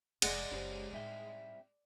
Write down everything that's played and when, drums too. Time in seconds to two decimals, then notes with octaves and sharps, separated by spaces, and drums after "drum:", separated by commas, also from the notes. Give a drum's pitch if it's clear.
0.22 F1 F2 G#3 D5 F#5 A#5, drum: cymbal
0.51 F#1 C#3 G4 C5
0.92 C2 A2 D#4 E5 G5